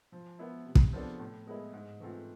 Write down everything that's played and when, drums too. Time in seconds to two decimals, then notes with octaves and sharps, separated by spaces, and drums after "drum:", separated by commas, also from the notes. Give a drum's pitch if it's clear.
0.12 F3
0.39 B3 E4
0.66 C3
0.75 drum: kick
0.93 F3 B3 D4 A4
1.19 A2
1.47 G#3 B3 E4 B4
1.73 G#2
2.00 E3 A3 C4 F4